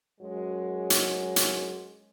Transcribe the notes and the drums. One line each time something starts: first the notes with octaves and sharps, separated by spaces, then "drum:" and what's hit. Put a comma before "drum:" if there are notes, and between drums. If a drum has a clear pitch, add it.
F#2 F#3 G#3
drum: hi-hat
drum: hi-hat